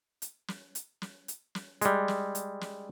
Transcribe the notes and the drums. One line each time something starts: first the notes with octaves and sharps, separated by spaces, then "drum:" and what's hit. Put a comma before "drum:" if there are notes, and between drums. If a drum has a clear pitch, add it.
drum: hi-hat
drum: snare
drum: hi-hat
drum: snare
drum: hi-hat
drum: snare
G3 G#3, drum: hi-hat
drum: snare
drum: hi-hat
drum: snare